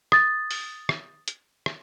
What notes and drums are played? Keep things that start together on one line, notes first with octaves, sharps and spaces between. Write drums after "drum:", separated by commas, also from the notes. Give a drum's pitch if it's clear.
D#6 A6, drum: rim click
drum: open hi-hat
drum: rim click
drum: hi-hat
drum: rim click